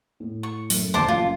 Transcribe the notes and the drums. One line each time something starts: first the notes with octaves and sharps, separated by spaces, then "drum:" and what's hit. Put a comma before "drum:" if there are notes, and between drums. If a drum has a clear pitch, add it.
A2
C#6
F#2 A3, drum: open hi-hat
F1 D2 C5 A5 D6
F#1 C#3 F4 D#5